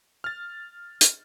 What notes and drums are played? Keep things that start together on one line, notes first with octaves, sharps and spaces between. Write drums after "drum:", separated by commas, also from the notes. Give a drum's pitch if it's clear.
F6 A6
drum: hi-hat